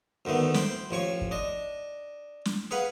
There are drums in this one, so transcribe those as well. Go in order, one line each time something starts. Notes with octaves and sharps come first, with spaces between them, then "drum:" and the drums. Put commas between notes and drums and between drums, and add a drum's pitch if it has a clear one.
D2 D3 D#3 A3 B3
C5 G5 B5, drum: snare
A1 F3 C#5 C#6
drum: kick
D4 D#5
drum: snare
G#4 B4 F5 F#5 B5